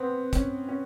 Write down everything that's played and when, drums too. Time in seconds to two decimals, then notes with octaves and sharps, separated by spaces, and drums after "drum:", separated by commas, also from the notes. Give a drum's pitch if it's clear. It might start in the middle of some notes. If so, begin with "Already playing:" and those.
Already playing: B3 C4
0.33 C#4, drum: kick, hi-hat
0.69 C#4